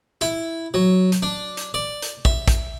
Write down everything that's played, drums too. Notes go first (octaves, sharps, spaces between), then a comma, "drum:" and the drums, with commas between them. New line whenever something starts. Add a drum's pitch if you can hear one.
E4, drum: hi-hat
F#3
drum: hi-hat
D4
drum: hi-hat
D5
drum: hi-hat
E5, drum: kick
drum: kick, hi-hat